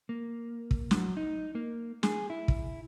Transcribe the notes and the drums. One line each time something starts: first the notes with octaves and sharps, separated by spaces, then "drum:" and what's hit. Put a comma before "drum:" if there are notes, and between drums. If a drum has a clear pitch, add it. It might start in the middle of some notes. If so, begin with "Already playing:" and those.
A#3
drum: kick
F#3, drum: snare
D#4
A#3
G#4, drum: snare
E4
drum: kick